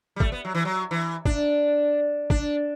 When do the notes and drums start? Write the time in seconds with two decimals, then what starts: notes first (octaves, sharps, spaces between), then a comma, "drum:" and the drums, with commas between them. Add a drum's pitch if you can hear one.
0.16 G3
0.20 A3, drum: kick
0.32 B3
0.45 F#3
0.55 E3
0.65 F#3
0.91 E3
1.25 D4, drum: kick
2.30 D4, drum: kick